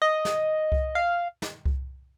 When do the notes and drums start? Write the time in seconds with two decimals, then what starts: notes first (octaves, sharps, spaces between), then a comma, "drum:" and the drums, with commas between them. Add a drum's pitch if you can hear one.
0.02 D#5
0.25 drum: snare
0.72 drum: kick C2
0.95 F5
1.42 drum: snare
1.66 drum: kick C2